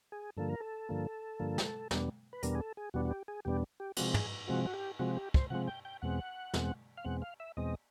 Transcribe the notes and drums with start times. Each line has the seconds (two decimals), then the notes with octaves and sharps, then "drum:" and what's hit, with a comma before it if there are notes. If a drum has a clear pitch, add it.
0.12 G#4
0.37 G2 D3 F3 A#3 A4
0.50 A#4
0.60 A4
0.89 G2 D3 F3 A#3
1.40 G2 D3 F3 A#3
1.58 drum: snare
1.91 E2 B2 G3 B3 D4, drum: snare
2.33 B4
2.43 E2 B2 G3 B3 D4 A#4, drum: hi-hat
2.55 G#4
2.60 A4
2.77 G#4
2.94 E2 B2 G3 B3 D4 F#4
3.05 F#4
3.11 G4
3.28 G#4
3.45 E2 B2 G3 B3 D4 G4
3.80 G4
3.97 C3 F3 G#3 C4 F#4, drum: cymbal
4.14 G#4, drum: tom
4.48 C3 F3 G#3 C4 F#4
4.66 F#4
4.74 G4
4.99 C3 F3 G#3 C4 F#4
5.17 G4
5.34 C5, drum: kick
5.50 C3 F3 G#3 C4 F#5
5.67 G5
5.85 G5
6.02 E2 B2 G#3 C4 F#5
6.54 E2 B2 G#3 C4, drum: snare
6.97 F5
7.04 E2 B2 G#3 C4 F#5
7.22 F5
7.40 E5
7.57 E2 B2 G#3 C4 D#5